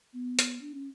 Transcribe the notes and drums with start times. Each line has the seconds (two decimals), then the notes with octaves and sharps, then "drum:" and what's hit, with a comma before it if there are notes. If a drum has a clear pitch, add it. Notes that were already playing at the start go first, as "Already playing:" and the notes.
0.13 B3
0.39 drum: hi-hat
0.61 D4
0.74 C#4